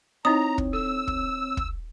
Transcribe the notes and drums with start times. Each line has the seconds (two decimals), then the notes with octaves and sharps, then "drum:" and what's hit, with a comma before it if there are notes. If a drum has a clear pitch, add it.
0.25 C4 D#4 E4 C#5 D#5 A#5 D#6
0.58 drum: kick
0.73 A4 E6
1.07 drum: kick
1.57 drum: kick